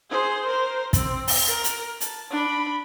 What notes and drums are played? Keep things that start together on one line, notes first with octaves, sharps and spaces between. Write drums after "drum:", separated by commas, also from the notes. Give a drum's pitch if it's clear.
G#4 C5
A#4 C5
C4, drum: kick, hi-hat
drum: open hi-hat
A#4
drum: hi-hat
A5, drum: hi-hat
D4 B5